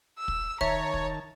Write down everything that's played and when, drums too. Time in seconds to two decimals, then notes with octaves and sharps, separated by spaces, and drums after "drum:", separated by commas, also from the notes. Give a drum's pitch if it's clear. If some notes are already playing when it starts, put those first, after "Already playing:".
0.18 E6
0.28 drum: kick
0.61 D#3 C#5 E5 A5 A#5, drum: kick
0.94 drum: kick